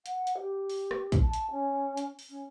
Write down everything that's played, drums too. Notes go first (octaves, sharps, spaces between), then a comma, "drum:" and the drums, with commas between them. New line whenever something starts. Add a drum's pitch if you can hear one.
F#5, drum: hi-hat
drum: hi-hat
G4
drum: open hi-hat
drum: rim click
drum: kick, hi-hat
A5
drum: hi-hat
C#4
drum: hi-hat
drum: open hi-hat
C#4